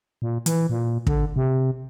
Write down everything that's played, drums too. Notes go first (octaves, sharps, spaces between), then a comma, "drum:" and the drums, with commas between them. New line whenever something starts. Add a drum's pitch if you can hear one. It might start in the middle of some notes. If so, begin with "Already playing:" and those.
A#2
E3, drum: hi-hat
A#2
D3, drum: kick
C3